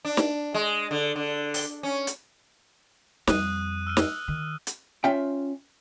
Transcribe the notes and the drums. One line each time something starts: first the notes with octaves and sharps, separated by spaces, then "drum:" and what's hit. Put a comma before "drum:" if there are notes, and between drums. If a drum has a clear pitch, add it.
D4
drum: snare
G#3
D3
D3
drum: open hi-hat
C#4
drum: hi-hat
F2 G3 D#6 F#6 D#7, drum: snare
E6 F6 D#7
drum: snare
D#3
drum: hi-hat
C#4 F4 E5 G5